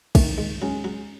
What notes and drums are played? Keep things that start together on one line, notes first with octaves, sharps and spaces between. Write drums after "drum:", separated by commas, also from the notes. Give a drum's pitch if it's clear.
D#3 A3, drum: kick, cymbal
G#3
F#3 G#3 C#4
F#3